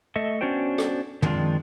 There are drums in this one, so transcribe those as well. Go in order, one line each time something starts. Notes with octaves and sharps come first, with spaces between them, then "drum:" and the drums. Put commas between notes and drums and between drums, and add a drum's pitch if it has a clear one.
A3 A4 D#5 E5
B3 C#4 D4 F#4 C5 G5
drum: rim click
D#3 F3 G#3 C4 D4 F4, drum: tom